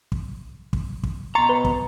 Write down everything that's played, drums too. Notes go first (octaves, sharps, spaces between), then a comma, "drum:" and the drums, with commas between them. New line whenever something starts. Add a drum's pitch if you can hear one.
drum: kick
drum: kick
drum: kick
B2 A#5 C6 C#6 A6
B4
drum: kick